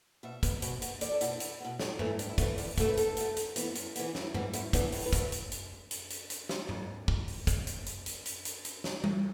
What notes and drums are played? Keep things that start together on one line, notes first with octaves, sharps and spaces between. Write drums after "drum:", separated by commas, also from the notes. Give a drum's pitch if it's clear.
B2 E5
B3, drum: kick, hi-hat
B2, drum: hi-hat
B3, drum: hi-hat
E2 D5, drum: hi-hat
A4
B2 B3 E4, drum: hi-hat
D4
E2 E4, drum: hi-hat
B2 B3
A2, drum: snare
E3 A3, drum: tom G#2
A2 D4, drum: hi-hat
E4
E3 A3 F#4, drum: kick, hi-hat
B4
E2 D5, drum: open hi-hat
B2 A3, drum: kick, hi-hat
B4
E2 A4, drum: hi-hat
B2 A3, drum: hi-hat
F#2, drum: hi-hat
E3 B3, drum: hi-hat
F#2, drum: hi-hat
E3 B3, drum: hi-hat
F#2 E4, drum: snare
E3 B3, drum: tom G#2
F#2 E4, drum: hi-hat
E3 B3 D4, drum: kick, hi-hat
A2 E4, drum: open hi-hat
B4
F#3 A3, drum: kick, hi-hat
B4
drum: hi-hat
drum: hi-hat
drum: hi-hat
drum: hi-hat
drum: hi-hat
drum: snare
drum: tom G#2
drum: kick
drum: open hi-hat
drum: kick, hi-hat
drum: hi-hat
drum: hi-hat
drum: hi-hat
drum: hi-hat
drum: hi-hat
drum: hi-hat
drum: snare
drum: tom G3